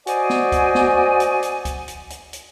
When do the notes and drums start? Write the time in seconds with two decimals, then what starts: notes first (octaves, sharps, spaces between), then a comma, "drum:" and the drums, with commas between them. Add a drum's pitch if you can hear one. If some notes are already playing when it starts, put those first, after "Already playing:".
0.07 F#4 C5 D5 D#5 G#5, drum: hi-hat
0.30 drum: snare
0.52 drum: kick, hi-hat
0.75 drum: snare
1.20 drum: hi-hat
1.43 drum: hi-hat
1.65 drum: kick, hi-hat
1.88 drum: hi-hat
2.10 drum: hi-hat
2.33 drum: hi-hat